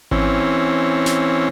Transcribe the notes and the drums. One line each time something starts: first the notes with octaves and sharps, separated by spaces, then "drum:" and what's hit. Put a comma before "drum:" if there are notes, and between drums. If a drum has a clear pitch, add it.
E3 C4 C#4, drum: kick G#1
drum: snare